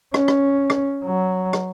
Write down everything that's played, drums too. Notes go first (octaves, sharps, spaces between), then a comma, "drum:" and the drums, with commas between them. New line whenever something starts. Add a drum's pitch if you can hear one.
C#4, drum: rim click
drum: rim click
drum: rim click
F#3
drum: rim click